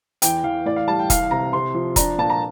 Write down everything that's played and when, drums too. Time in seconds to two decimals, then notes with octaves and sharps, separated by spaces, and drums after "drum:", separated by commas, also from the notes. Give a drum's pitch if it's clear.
0.22 E2 G5, drum: hi-hat
0.44 E3 F5
0.65 A2 D5
0.76 F5
0.88 G3 A5
0.99 G5
1.10 C2 F5, drum: kick, hi-hat
1.31 C3 A#5
1.53 C3 C6
1.75 F3
1.96 D4 A#5, drum: kick, hi-hat
2.18 A#2 A5
2.30 A#5